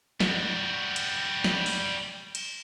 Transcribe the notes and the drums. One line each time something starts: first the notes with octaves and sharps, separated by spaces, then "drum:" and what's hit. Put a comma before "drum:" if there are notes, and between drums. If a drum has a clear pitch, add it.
G3 F#4, drum: snare
drum: cymbal
drum: snare
drum: open hi-hat
drum: cymbal